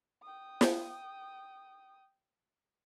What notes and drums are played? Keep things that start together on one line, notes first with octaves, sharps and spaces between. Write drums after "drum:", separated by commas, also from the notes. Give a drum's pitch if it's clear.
G5 D#6
drum: snare